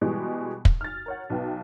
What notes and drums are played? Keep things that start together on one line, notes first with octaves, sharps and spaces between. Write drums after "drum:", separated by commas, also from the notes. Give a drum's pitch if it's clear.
B2 E3 G3 G#3
drum: kick
F6 A6
A#4 C#5 F#5
B1 B3 G5